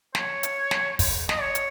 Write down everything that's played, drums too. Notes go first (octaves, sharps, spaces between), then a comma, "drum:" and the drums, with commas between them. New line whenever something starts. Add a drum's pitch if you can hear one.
C#5, drum: snare
drum: hi-hat
drum: snare
drum: kick, open hi-hat
D#5, drum: snare
C#5
drum: hi-hat